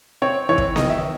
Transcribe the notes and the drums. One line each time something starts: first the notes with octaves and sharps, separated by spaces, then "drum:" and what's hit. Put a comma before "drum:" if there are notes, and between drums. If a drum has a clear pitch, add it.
C4 C#5
E3 C#5
drum: kick
D#3 D#5, drum: snare B3
E5